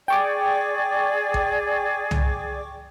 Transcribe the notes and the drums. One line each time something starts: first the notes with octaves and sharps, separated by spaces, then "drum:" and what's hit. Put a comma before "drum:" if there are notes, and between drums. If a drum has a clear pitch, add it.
G#4 D5 G5 C#6 D6
drum: kick G#1
drum: tom C2